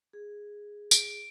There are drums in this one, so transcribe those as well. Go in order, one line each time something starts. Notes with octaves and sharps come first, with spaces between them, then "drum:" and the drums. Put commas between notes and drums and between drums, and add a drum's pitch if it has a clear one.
G#4
D7, drum: tambourine